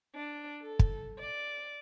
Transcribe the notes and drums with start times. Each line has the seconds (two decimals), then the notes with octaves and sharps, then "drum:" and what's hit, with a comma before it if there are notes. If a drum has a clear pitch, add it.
0.14 D4
0.60 A4
0.79 drum: kick
1.17 D5